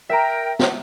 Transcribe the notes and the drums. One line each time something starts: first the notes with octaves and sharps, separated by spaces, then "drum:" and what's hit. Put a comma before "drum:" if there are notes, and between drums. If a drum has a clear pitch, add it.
A#4 E5 G5 A#5
drum: snare